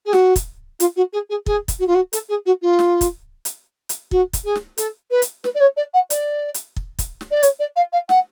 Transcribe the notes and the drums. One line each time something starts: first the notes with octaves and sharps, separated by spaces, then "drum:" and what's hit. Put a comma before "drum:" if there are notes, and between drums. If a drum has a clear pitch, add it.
G#4
F#4, drum: snare
drum: kick, hi-hat
F4, drum: hi-hat
F#4
G#4
G#4
G#4, drum: kick
drum: kick, hi-hat
F#4
F4
F#4
A4, drum: hi-hat
G#4
F#4
F4
drum: snare
drum: kick, hi-hat
drum: hi-hat
drum: hi-hat
F#4, drum: kick
drum: kick, hi-hat
G#4
drum: snare
A4, drum: hi-hat
B4
drum: hi-hat
B4, drum: snare
D5
C#5
D5
F#5
D5, drum: hi-hat
drum: hi-hat
drum: kick
drum: kick, hi-hat
drum: snare
D5
C#5, drum: hi-hat
D5
F5
F5
F#5, drum: snare